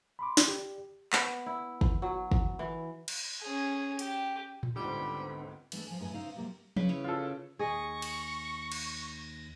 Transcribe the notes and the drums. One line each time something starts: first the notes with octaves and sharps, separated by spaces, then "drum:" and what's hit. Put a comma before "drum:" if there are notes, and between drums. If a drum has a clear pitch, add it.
B5 C6 D6
drum: snare
G4 D5
B3, drum: clap
E4
drum: kick
F#3
drum: kick
E3
drum: cymbal
C#4 G#4
G4, drum: hi-hat
drum: tom A2
C#2 G#2 D3 G3 B3 C4 B5
E3 G#3 A3 B3 D4 A4, drum: cymbal
F3 G#5
F#2 A2 C#3 B4 D#5 G#5
C#3 D#4 C5 E5 F5
C3 F#3 G3 A#3
C#3 B4 C#5, drum: tom F3
E4 C#5
F4 A4
D#2 G#4 D#5 C#6 A#6
drum: cymbal
drum: cymbal